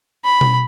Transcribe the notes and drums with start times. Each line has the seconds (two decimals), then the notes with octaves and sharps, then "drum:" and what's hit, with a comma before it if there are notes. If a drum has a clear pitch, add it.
0.25 B5
0.41 drum: tom B2